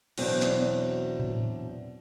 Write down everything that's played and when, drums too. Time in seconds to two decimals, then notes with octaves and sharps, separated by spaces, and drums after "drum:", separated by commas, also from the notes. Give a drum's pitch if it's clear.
0.18 E2 B2 F#3 C4 D4, drum: cymbal
0.41 drum: snare
1.20 drum: tom A2